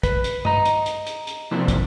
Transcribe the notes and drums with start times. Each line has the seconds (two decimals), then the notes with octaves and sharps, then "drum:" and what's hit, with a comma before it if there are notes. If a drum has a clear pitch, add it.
0.03 B4, drum: kick, hi-hat
0.24 drum: hi-hat
0.45 D#5 A#5, drum: tom
0.65 drum: hi-hat
0.86 drum: hi-hat
1.07 drum: hi-hat
1.27 drum: hi-hat
1.51 C3 F3 A#3 C4 D4 E4
1.68 drum: kick, hi-hat